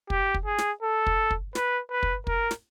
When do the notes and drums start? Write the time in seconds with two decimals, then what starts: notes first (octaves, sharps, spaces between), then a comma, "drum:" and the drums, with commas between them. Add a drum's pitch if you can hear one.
0.10 G4, drum: kick
0.34 drum: kick
0.46 G#4
0.58 drum: snare
0.83 A4
1.07 drum: kick
1.31 drum: kick
1.55 B4, drum: snare
1.91 B4
2.03 drum: kick
2.27 A#4, drum: kick
2.51 drum: snare